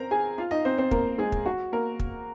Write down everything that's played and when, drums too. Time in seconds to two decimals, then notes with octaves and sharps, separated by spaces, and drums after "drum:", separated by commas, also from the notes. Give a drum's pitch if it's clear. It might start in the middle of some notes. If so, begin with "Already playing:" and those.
Already playing: C4 A#4 C5 A#5
0.11 G#4 G#5
0.38 F4 F5
0.51 D#4 D#5
0.65 C4 C5
0.78 C4 C5
0.91 A#3 A#4, drum: kick
1.18 G#3 G#4
1.32 drum: kick
1.46 F#4
1.72 A#3 A#4
1.99 drum: kick